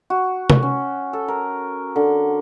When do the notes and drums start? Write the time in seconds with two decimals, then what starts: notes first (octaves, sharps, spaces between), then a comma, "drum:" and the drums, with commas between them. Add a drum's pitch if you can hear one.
0.10 F#4
0.50 drum: tom C3
0.63 C#4
1.13 A4
1.28 A#4
1.96 D3